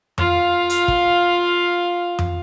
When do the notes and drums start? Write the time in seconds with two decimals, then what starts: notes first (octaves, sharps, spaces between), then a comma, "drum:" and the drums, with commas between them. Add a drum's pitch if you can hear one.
0.18 F4 F5, drum: tom F2
0.70 drum: hi-hat
0.88 drum: kick
2.19 drum: tom F2